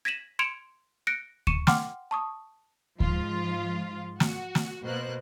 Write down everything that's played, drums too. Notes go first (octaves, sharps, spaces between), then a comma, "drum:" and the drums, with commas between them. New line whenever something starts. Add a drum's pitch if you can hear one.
G#6 A#6 B6 D#7 E7 F#7
C6 G#6 C#7 D7 E7 F7
F#6 A#6 C#7 D7
C#6 C#7 D#7 E7, drum: kick D2
F#5 G5 C6 D6 F6, drum: snare
A5 C#6 D#6
G#2 F3 F4, drum: kick D2
F#4, drum: snare
drum: snare
B2 A#3 C5 F#6